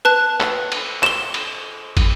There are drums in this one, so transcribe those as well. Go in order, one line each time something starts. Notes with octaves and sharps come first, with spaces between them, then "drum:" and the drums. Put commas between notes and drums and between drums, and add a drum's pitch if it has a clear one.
B4 A5 F#6
drum: clap
drum: cymbal
E7 G7, drum: clap
drum: cymbal
drum: kick, cymbal